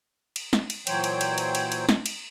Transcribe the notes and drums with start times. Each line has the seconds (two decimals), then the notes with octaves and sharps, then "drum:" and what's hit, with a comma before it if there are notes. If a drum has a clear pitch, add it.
0.36 drum: cymbal
0.53 drum: snare
0.70 drum: cymbal
0.87 A#2 E3 F#3 C5 C#5 G5, drum: cymbal
1.04 drum: cymbal
1.21 drum: cymbal
1.38 drum: cymbal
1.55 drum: cymbal
1.72 drum: cymbal
1.89 drum: snare
2.06 drum: cymbal